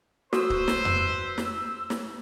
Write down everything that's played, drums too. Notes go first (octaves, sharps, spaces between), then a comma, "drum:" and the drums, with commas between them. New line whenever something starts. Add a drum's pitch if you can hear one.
F#4 A4 B4 C5 C#6 E6, drum: snare
drum: kick D1
drum: snare
drum: tom F2
drum: snare
drum: snare